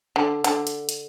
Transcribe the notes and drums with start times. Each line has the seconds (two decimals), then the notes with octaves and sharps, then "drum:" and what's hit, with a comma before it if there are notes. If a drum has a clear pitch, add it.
0.16 D3
0.44 D3, drum: hi-hat
0.67 drum: hi-hat
0.89 drum: hi-hat